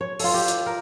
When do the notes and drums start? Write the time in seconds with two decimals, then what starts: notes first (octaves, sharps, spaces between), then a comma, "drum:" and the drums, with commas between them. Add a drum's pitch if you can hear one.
0.01 C#5
0.20 F4 A4, drum: open hi-hat
0.34 G4
0.48 drum: hi-hat
0.66 A#4